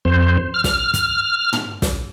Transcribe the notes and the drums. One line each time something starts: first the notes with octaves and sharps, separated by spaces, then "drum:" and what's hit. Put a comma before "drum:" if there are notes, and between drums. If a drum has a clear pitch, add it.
F2 C5
F6
drum: snare
drum: kick, hi-hat
drum: tom
drum: snare